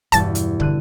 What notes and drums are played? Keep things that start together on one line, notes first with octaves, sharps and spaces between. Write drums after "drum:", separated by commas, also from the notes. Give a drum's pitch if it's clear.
E2 G2 B2 A5 A6, drum: kick, hi-hat
drum: hi-hat
D3 F#6 D#7, drum: kick